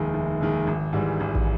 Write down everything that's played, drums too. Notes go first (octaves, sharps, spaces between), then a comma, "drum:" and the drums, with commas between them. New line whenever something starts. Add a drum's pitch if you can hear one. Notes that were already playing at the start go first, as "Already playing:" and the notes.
Already playing: F1 D#2 D#3 G#3
F1
D#2 D#3 G#3
G#1
G#2 E3 G3
G#1
drum: kick